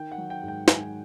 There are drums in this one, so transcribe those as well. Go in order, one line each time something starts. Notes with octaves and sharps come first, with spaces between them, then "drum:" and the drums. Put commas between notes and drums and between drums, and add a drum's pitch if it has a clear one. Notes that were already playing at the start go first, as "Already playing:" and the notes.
Already playing: D#3 G5
F#5
F#3
G5
G#2
G5
G#2 G#5, drum: snare